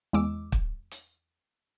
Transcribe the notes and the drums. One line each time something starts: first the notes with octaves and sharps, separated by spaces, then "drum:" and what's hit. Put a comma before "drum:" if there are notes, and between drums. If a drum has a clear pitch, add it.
E2 G#3 D6 E6
drum: kick
drum: hi-hat